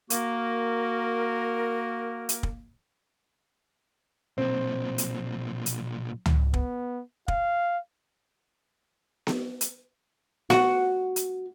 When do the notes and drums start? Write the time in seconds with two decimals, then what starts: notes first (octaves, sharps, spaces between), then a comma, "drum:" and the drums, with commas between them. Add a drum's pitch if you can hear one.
0.10 A#3 F#4 A#4, drum: hi-hat
2.29 drum: hi-hat
2.43 drum: kick
4.38 B1 A#2 C4
4.98 drum: hi-hat
5.66 drum: hi-hat
6.26 drum: tom C#2
6.54 B3, drum: kick
7.28 F5, drum: kick
9.27 drum: snare B3
9.61 drum: hi-hat
10.50 F#4, drum: snare B3
11.16 drum: hi-hat